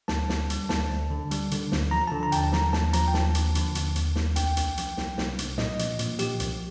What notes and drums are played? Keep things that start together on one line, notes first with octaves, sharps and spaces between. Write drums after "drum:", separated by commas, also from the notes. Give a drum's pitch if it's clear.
D2 A5, drum: snare
D2, drum: snare
G3, drum: hi-hat
D2 A5, drum: snare
D2
D3
G3, drum: hi-hat
D3, drum: hi-hat
D2, drum: snare
F3 A#5
D3 A5
A#5
D#2 G5 A5, drum: hi-hat
F3 A#5, drum: snare
D#2 A5, drum: snare
F3 A#5, drum: hi-hat
G5
D#2 A5, drum: snare
F3, drum: hi-hat
D3, drum: hi-hat
D#2, drum: hi-hat
D#2, drum: hi-hat
D#2, drum: snare
C2 G5, drum: hi-hat
C2, drum: hi-hat
F3, drum: hi-hat
C2, drum: snare
C2, drum: snare
C2, drum: hi-hat
A#2 D#5, drum: snare
F3, drum: hi-hat
A#2, drum: hi-hat
F3 G4, drum: hi-hat
C2, drum: hi-hat